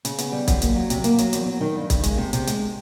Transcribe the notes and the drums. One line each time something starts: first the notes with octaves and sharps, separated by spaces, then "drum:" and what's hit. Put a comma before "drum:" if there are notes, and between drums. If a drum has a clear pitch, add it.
C#3, drum: hi-hat
B3, drum: hi-hat
G3
F#2, drum: kick, hi-hat
A#3, drum: hi-hat
F#3
C3, drum: hi-hat
A#3, drum: hi-hat
F#3, drum: hi-hat
E2, drum: hi-hat
F#3
D#3
G2
G2, drum: kick, hi-hat
G#3, drum: hi-hat
C3
C3, drum: hi-hat
G#3, drum: hi-hat